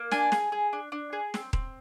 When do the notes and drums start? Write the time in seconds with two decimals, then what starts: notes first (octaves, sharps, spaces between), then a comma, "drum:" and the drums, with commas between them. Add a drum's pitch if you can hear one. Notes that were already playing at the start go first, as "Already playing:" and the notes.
Already playing: A#3
0.11 D4 G#5, drum: snare
0.32 G#4, drum: snare
0.52 G#4
0.73 D4
0.92 D4
1.13 G#4
1.34 C4, drum: snare
1.53 C4, drum: kick D#1